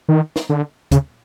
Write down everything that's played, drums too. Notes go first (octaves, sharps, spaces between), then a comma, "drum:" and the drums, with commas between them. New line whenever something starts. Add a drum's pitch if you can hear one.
D#3
drum: snare
D3
C#3, drum: kick, hi-hat